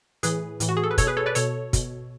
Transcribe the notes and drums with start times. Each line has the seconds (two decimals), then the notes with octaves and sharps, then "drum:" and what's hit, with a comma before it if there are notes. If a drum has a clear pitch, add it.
0.23 A2 E3 G#4 B4, drum: hi-hat
0.60 A2 E3, drum: hi-hat
0.69 F#4
0.77 G#4
0.83 A4
0.91 B4
0.98 B2 A4 C#5, drum: kick, hi-hat
1.07 G#4 B4
1.17 A4 C#5
1.26 B4 D5
1.35 B2 A4 C#5, drum: hi-hat
1.73 B2, drum: kick, hi-hat